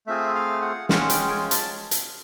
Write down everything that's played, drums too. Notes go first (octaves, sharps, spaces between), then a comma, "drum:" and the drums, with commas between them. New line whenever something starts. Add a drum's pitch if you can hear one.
A3 C4 F4 G#4 E5
F5
F#5
G#3 C#4 F4 F#5, drum: snare
G5, drum: hi-hat
G#5
A5, drum: hi-hat
drum: hi-hat